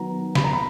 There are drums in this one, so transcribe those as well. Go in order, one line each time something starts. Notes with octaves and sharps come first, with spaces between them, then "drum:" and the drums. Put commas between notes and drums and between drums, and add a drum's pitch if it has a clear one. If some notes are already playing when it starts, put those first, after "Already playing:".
Already playing: D#3 F#3 B3 A#5
B5, drum: snare
A#5
B5